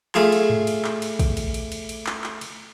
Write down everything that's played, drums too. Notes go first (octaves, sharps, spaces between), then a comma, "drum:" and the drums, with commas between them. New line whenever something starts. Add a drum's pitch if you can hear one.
A3 F4 G#4, drum: clap
drum: cymbal
drum: tom G#2
drum: cymbal
drum: clap
drum: cymbal
drum: kick, cymbal
drum: cymbal
drum: cymbal
drum: cymbal
drum: cymbal
drum: clap
drum: clap
drum: cymbal